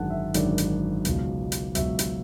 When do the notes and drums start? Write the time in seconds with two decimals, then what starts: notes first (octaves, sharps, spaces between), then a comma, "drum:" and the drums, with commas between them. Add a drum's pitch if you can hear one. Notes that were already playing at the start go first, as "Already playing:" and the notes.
Already playing: G#1 F#2 D3 G#3 F#5 A5
0.10 E5
0.34 G#1 F#2 D3 G#3 D5, drum: hi-hat
0.58 drum: hi-hat
1.05 C#2 B2 F#3, drum: hi-hat
1.52 drum: hi-hat
1.75 C#2 B2 F#3 E5, drum: hi-hat
1.99 drum: hi-hat